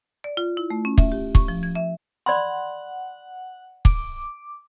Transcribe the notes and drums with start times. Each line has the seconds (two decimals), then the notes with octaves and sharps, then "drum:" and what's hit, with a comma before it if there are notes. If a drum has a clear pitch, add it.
0.24 D5
0.37 F4
0.57 E4
0.70 A3
0.85 C#4
0.98 E5, drum: kick
1.12 G4
1.35 C#6, drum: kick
1.48 F3
1.63 G#6
1.75 E5
2.26 D5 F#5 B5 C6
3.85 D6, drum: kick